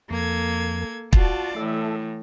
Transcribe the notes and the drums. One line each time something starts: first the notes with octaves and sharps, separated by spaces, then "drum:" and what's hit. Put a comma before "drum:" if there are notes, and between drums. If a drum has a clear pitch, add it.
F2 A#3 A4 G#6
F4 F#4 D5 A5, drum: kick
A2 E3 A4 E5